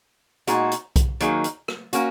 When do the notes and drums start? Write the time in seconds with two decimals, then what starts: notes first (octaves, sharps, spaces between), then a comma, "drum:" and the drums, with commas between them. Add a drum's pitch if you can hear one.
0.47 A#2 G#3 D#4 F#4, drum: hi-hat
0.72 drum: hi-hat
0.96 drum: kick B1, hi-hat
1.20 D#3 F#3 A#3 D#4 G#4, drum: hi-hat
1.44 drum: hi-hat
1.68 drum: rim click
1.93 A#3 C#4 F#4, drum: hi-hat